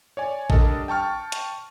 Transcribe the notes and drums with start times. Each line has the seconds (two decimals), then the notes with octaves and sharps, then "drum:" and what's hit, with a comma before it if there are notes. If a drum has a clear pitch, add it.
0.17 C#5 D5 G#5
0.50 G3 D4 A4 A#4 D#5 A5, drum: kick A1
0.88 G5 A5 C#6 F6
1.32 drum: hi-hat